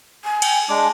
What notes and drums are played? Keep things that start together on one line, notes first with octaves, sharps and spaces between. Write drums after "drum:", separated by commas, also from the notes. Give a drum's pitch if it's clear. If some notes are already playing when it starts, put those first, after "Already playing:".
G#5
G5, drum: cymbal
G#3 D4 D6